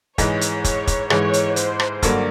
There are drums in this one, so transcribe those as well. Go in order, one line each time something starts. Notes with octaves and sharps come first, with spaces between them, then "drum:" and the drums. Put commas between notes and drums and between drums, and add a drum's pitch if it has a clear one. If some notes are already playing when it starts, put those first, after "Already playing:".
G#2 E3 G#3 C#5, drum: kick, hi-hat
drum: hi-hat
C#5, drum: kick, hi-hat
drum: kick, hi-hat
G#2 E3 G#3 C#5, drum: rim click
drum: hi-hat
C5, drum: hi-hat
drum: rim click
G2 D3 F#3 A#3, drum: kick, hi-hat